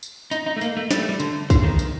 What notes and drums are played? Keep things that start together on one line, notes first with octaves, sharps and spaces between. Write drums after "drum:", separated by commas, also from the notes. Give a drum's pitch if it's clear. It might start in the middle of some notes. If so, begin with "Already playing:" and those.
drum: tambourine
D#4, drum: tambourine
D#4
A3
A#3, drum: tambourine
A3
G3, drum: snare
A3
G3
D3, drum: tambourine
D3, drum: kick, tambourine
D#3
drum: tambourine